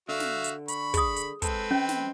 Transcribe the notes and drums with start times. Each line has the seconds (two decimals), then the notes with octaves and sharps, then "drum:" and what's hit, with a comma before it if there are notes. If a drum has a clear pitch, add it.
0.09 D3 F#4 E5 F5
0.20 drum: snare
0.44 drum: hi-hat
0.68 B5 C#6, drum: hi-hat
0.94 G#4 D#6, drum: kick, hi-hat
1.16 drum: hi-hat
1.42 G#3 C4 A4 B4, drum: kick, hi-hat
1.71 F2 C#4 D#5 G5
1.89 drum: snare